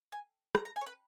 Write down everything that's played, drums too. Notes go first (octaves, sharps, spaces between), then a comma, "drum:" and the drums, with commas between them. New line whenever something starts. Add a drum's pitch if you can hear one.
G#5
A#5, drum: rim click
A#5
G#5
C#5
B4